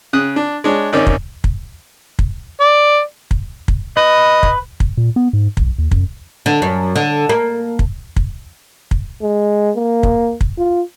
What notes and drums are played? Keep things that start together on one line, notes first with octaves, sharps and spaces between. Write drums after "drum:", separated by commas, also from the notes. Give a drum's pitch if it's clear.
C#3 D#6 F#6
D4
G#3 D4 C#5
G#1 D#3 C#4 D5
drum: kick
drum: kick
drum: kick
D5
drum: kick
drum: kick
B4 D#5
drum: kick
drum: kick
A#2
B3
G#2
B1, drum: kick
D#2
F#2, drum: kick
D3
F#2
D3
A#3
drum: kick
drum: kick
drum: kick
G#3
A#3
drum: kick
drum: kick
F4